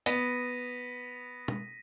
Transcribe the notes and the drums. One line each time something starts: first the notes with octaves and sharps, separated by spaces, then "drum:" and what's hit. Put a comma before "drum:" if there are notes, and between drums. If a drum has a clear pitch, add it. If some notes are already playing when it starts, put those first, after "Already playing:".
B3 A#6 B6 D#7, drum: hi-hat
drum: tom